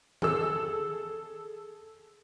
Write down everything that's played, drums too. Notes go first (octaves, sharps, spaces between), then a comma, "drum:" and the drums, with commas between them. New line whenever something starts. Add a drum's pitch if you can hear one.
G#4 A4 E6, drum: tom D#3